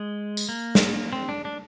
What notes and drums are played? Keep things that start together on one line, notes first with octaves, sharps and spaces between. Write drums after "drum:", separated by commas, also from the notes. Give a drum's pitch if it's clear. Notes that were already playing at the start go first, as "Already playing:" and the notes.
Already playing: G#3
drum: tambourine
A#3
drum: snare
C4
D4
D4